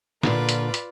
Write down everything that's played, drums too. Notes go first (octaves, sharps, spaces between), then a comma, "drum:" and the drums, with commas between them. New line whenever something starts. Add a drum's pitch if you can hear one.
A#2 D3 F4 B4 D5, drum: snare
drum: hi-hat
drum: hi-hat